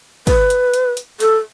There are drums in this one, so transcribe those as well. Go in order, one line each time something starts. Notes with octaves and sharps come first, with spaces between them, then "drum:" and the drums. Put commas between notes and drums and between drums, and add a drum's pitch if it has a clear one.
B4, drum: kick, hi-hat
drum: hi-hat
drum: hi-hat
drum: hi-hat
A4, drum: hi-hat